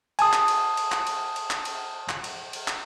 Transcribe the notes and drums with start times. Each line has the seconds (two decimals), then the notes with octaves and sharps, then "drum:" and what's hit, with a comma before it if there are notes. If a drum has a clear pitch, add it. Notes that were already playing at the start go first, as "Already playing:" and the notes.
0.19 G#5 A5 D#6, drum: cymbal
0.33 drum: clap
0.48 drum: cymbal
0.77 drum: cymbal
0.92 drum: clap
1.07 drum: cymbal
1.36 drum: cymbal
1.51 drum: clap
1.65 drum: cymbal
2.09 drum: clap
2.24 drum: cymbal
2.53 drum: cymbal
2.68 drum: clap